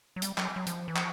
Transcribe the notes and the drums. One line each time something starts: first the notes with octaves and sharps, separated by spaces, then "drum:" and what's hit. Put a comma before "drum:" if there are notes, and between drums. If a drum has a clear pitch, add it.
F#3
G3, drum: hi-hat
F#3, drum: clap
F#3
F3, drum: hi-hat
E3
F3, drum: clap